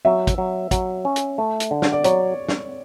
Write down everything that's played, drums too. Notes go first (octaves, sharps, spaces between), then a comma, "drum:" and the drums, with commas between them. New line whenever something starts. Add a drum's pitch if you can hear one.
F#3 E5
drum: kick, hi-hat
F#3
F#3, drum: kick, hi-hat
C#4
drum: hi-hat
A3
drum: hi-hat
D3
drum: snare
D5
F#3 C#5, drum: hi-hat
drum: snare